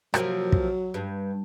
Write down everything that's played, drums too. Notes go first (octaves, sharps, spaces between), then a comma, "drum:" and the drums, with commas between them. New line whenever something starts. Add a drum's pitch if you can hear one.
C3 F3 F#3 A#3, drum: rim click
drum: kick
G2